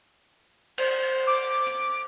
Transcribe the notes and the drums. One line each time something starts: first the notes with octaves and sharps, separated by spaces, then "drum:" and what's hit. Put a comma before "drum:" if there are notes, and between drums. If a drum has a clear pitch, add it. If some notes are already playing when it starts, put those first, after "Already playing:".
C5, drum: cymbal
D6
drum: hi-hat